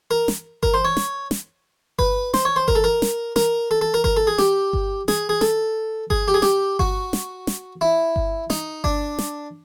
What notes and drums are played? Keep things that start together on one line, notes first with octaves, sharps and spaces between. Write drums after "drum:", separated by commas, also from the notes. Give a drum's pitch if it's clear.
A#4
drum: snare
A#4, drum: kick G1
C5
C#5
drum: snare
drum: snare
B4, drum: kick G1
C5, drum: snare
C#5
C5
A#4, drum: kick G1
A4
A#4
drum: snare
A#4, drum: snare
A4
A4
A#4
A#4, drum: kick G1
A4
G#4
G4, drum: snare
drum: kick G1
G#4, drum: snare
G#4
A4, drum: snare
G#4, drum: kick G1
G4
G#4
G4, drum: snare
F#4, drum: kick G1
drum: snare
drum: snare
E4
drum: kick G1
D#4, drum: snare
D4, drum: kick G1
drum: snare